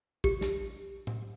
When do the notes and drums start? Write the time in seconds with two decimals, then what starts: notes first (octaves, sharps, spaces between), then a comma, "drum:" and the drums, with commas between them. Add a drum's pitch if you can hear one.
0.24 G4, drum: kick
0.41 drum: snare
1.07 drum: tom